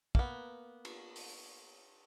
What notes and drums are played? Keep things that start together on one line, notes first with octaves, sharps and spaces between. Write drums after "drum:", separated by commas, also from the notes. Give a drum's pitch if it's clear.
A#3 B3, drum: kick
drum: cymbal
drum: open hi-hat